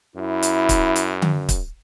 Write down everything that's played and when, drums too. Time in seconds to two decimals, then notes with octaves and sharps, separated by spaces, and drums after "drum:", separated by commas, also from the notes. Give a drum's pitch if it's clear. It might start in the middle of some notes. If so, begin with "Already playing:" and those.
0.16 F#2 E4
0.43 drum: hi-hat
0.69 drum: kick, hi-hat
0.96 drum: hi-hat
1.22 drum: tom D3
1.49 drum: kick, hi-hat